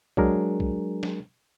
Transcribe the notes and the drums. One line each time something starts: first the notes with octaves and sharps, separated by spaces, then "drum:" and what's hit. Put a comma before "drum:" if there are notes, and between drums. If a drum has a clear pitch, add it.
F#3 G#3 D4 G#4 A#4, drum: kick
drum: kick
drum: snare